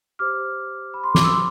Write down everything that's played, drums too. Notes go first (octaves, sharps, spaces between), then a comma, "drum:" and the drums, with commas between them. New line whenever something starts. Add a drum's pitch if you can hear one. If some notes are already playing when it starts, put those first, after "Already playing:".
G4 C5 D6 F6
B5
C6
D6, drum: snare
C6 E6